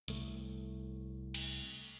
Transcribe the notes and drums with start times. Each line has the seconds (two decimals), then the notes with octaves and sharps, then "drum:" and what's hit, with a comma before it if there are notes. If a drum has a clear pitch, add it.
0.08 C2 A3, drum: hi-hat
1.34 drum: cymbal